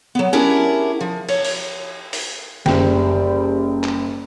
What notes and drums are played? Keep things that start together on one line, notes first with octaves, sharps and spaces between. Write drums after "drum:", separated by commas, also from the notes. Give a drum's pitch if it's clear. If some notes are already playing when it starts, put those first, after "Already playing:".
F#3 B3
C#4 D4 E4 G4 G#4 A#4
F3
C#5, drum: cymbal
drum: open hi-hat
drum: open hi-hat
F#1 G3 G5, drum: snare
drum: clap